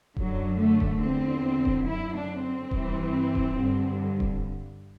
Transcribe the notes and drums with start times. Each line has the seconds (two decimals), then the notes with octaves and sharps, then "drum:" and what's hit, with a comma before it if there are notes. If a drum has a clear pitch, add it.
0.17 F#2 D3 F#3, drum: kick D#1
0.59 A3
0.80 drum: kick D#1
1.01 E2 D3 C4
1.65 drum: kick D#1
1.86 F#2 D3 E4
2.15 D4
2.43 C4
2.71 G2 E3, drum: kick D#1
3.35 drum: kick D#1
3.57 G2 D3
4.20 drum: kick D#1